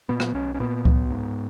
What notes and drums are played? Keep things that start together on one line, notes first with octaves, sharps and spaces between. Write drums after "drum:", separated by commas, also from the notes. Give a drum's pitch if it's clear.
A#2 B3
drum: rim click
B1 C#4
C#4
A#2 B3
B1, drum: kick C#2
G#2